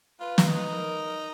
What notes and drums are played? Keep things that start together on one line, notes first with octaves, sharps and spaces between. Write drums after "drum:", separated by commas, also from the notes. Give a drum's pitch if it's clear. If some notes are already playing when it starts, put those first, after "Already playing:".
F4 B4
drum: snare
D#4
A#4